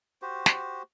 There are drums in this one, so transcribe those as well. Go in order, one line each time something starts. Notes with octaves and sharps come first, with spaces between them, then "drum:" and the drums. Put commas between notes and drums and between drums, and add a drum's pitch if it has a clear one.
F#4 G4 C5
drum: snare